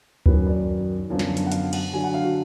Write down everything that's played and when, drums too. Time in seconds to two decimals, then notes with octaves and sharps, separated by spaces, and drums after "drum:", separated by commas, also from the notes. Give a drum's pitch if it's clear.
0.26 F#2 D#3 F#3 B4, drum: kick D2
0.47 D5
1.10 F#2 D3 F3 B3
1.19 drum: snare
1.37 drum: hi-hat
1.47 F#5
1.52 F5, drum: hi-hat
1.73 F#5, drum: cymbal
1.93 D3 F#3 D4 G#5
2.04 F#5
2.14 F5
2.24 F#4